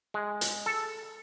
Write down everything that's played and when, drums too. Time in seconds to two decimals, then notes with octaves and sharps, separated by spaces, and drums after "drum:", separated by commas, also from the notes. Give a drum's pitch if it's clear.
0.14 G#3
0.41 drum: hi-hat
0.66 A4